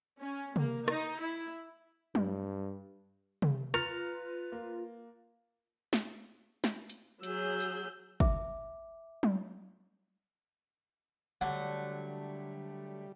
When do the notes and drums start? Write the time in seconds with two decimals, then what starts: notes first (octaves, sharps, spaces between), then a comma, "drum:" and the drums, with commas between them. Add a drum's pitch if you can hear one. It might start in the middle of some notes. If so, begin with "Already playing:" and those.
0.21 C#4
0.56 A#3, drum: tom C3
0.88 D#4, drum: rim click
1.20 E4
2.15 G2, drum: tom F#3
3.42 drum: tom C3
3.74 F4 B4 A#5 F6 A6 C#7, drum: rim click
4.52 A#3
5.93 drum: snare
6.64 drum: snare
6.90 drum: hi-hat
7.23 F#3 G#4 E6 G6, drum: hi-hat
7.60 drum: tambourine
8.20 E5 D6, drum: kick
9.23 drum: tom F#3
11.41 D3 F#3 G3 A3 F#5